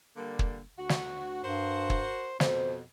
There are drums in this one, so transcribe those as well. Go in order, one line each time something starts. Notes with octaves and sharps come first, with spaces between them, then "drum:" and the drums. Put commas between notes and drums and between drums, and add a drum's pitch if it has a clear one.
D3 G3 A#3
drum: kick
D2 F#4
drum: snare
G2 F#4 A#4 C5
drum: kick
F2 B2 C5, drum: snare